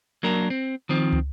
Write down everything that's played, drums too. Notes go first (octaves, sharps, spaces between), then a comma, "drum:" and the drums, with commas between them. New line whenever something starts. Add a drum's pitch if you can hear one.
F#3 A#3 D4 A#4
C4
D#3 F3 C4
drum: tom